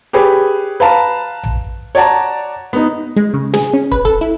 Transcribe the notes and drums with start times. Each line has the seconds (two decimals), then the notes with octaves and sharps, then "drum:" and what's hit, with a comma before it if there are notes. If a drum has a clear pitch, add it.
0.13 G4 G#4 B4 C#5
0.80 B4 F5 A5 A#5
1.43 drum: tom A#1
1.95 C#5 D5 F#5 A5 A#5
2.73 B3 D#4
3.16 G#3
3.34 C#3
3.54 G#4, drum: snare
3.74 C#4
3.92 B4, drum: kick
4.05 A4, drum: kick
4.21 E4